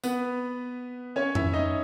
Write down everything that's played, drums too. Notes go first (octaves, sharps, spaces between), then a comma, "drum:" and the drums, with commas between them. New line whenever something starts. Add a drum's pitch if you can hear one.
B3 B4, drum: tambourine
C#4 C#5
E4 E5, drum: tom F2
D#4 D#5